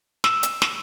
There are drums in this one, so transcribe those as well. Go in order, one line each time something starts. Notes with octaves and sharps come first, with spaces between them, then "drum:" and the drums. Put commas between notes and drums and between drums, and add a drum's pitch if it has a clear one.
E6, drum: snare
drum: hi-hat
drum: snare